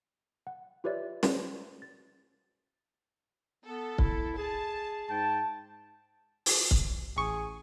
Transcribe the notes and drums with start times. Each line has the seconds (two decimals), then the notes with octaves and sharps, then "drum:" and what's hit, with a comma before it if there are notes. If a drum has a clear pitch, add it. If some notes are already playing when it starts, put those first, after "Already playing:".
0.47 F#5
0.84 F4 G4 B4 C#5 D5 E5
1.23 F#4 B4 C5 D5, drum: snare
1.82 A6
3.65 B3 A4
3.98 E4, drum: kick
4.37 G#4 A5
5.10 G#2 G5 A5
6.46 drum: open hi-hat
6.71 drum: kick
7.17 A1 G#4 C#6